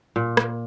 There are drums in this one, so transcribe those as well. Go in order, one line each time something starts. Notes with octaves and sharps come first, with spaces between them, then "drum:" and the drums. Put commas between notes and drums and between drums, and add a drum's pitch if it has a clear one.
A#2
drum: rim click